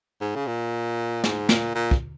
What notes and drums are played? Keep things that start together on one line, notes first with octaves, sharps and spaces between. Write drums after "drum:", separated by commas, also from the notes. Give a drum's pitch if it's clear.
G#2
C#3
A#2
G#2, drum: snare
A#2, drum: snare
A#2
drum: kick